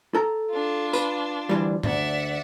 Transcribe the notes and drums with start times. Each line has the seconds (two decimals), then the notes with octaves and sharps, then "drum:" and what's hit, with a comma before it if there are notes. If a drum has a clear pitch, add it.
0.14 A4 A#5
0.50 D4 F4
0.93 B4, drum: tambourine
1.49 D2 E3 G3
1.83 D2 D5 E5 F#5, drum: tom G2